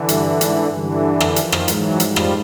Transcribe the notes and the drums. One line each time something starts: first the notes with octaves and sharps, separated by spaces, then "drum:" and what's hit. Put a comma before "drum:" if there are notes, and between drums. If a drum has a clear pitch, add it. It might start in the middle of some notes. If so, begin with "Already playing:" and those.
Already playing: D3 E3
G2, drum: hi-hat
G#2, drum: hi-hat
G2 D3 E3
drum: rim click
D#3 F3, drum: hi-hat
drum: rim click
G#2 E3 F#3, drum: hi-hat
F3 G3, drum: hi-hat
drum: rim click